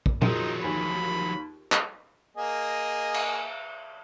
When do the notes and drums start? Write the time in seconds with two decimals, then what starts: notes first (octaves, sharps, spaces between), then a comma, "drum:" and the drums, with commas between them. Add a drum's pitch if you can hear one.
0.06 drum: kick
0.22 F3 F#3 D#4 F4 G#4 A#4, drum: tom A#2
0.64 D#2 G#5 B5
1.72 drum: clap
2.37 A#3 G#4 D#5
3.14 drum: cymbal